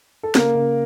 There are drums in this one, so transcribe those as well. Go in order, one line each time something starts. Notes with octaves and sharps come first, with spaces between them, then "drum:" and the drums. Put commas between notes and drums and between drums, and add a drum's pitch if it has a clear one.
A4
C#3 A#3 A#4, drum: snare
C#3